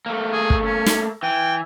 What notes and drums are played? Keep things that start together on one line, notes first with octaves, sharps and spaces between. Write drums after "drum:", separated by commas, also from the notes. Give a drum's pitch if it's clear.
A3 A#3
G#4
drum: kick
C#4
drum: snare
E3 G5